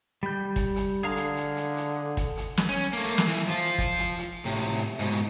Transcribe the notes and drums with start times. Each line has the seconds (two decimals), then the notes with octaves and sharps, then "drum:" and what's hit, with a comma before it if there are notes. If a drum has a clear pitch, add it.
0.23 G3 G6
0.56 drum: kick, hi-hat
0.76 drum: hi-hat
1.03 D3 G#4 F5 A#5
1.16 drum: hi-hat
1.37 drum: hi-hat
1.57 drum: hi-hat
1.77 drum: hi-hat
2.17 drum: kick, hi-hat
2.37 drum: hi-hat
2.57 drum: snare
2.69 C#4
2.93 A3 A#3
3.18 drum: snare
3.28 E3
3.38 drum: hi-hat
3.47 F3 F4
3.78 drum: kick, hi-hat
3.98 drum: hi-hat
4.19 drum: hi-hat
4.45 A2 C3
4.59 drum: hi-hat
4.79 drum: hi-hat
4.99 G#2 B2, drum: hi-hat